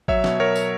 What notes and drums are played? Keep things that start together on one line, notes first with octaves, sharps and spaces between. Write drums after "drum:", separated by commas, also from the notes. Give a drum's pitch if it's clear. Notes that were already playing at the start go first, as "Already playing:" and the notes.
F#3 C#5 E5, drum: kick G#1
B2, drum: snare
F#3 A#4 C#5
drum: tambourine